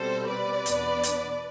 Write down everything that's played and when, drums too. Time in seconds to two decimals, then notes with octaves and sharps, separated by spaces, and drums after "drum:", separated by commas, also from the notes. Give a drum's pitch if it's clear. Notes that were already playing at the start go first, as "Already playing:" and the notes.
Already playing: B2 G3 C4 A4 C5
0.29 B4 D5
0.66 E2 B2 B3 D4, drum: hi-hat
1.03 drum: hi-hat